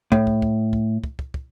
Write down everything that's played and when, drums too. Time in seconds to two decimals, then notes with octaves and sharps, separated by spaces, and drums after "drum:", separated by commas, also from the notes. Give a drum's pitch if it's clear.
0.12 A2, drum: kick
0.27 drum: kick
0.42 drum: kick
0.73 drum: kick
1.04 drum: kick
1.19 drum: kick
1.34 drum: kick